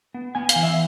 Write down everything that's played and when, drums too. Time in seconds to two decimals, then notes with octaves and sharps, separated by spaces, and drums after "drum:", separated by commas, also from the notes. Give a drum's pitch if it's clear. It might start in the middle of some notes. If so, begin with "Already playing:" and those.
0.14 B3
0.35 B3 G#5
0.49 F5, drum: hi-hat
0.56 E3
0.63 E5